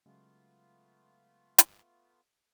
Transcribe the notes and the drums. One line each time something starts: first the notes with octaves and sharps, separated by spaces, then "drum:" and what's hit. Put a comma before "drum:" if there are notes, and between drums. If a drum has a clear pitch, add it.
C#3 F#3 G#3 A3 B3 F4
drum: hi-hat